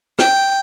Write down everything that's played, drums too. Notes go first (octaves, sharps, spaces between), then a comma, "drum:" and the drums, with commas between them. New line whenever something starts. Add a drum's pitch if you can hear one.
G5, drum: rim click